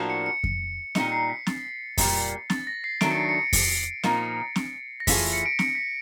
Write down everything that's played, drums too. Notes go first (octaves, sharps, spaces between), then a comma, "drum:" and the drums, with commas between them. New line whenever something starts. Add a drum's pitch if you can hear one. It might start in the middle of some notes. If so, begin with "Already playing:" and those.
Already playing: A2 F3 A#3 D4 F#4
C#7
C#7
drum: kick F2
A#2 G3 A#3 D#4 C#7, drum: snare C4
C7
B6
A6, drum: snare C4
A#2 G3 A#3, drum: kick F2, open hi-hat
A6, drum: snare C4
A#6
C7
D#3 F#3 A3 D4 D7, drum: snare C4
C#7
C7
C#7
drum: kick F2, open hi-hat
A#2 F3 A#3 D#4 A6, drum: snare C4
drum: snare C4
A#6
E3 A3 C#4 F4 G#4 B6, drum: kick F2, open hi-hat
C#7
D7
C#7, drum: snare C4
B6